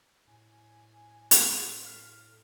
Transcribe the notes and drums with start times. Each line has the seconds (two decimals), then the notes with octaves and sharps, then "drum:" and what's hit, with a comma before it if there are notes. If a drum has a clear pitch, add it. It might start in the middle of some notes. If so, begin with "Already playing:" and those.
0.27 A2 G#5
1.31 drum: hi-hat
1.86 A4 F6 B6 C7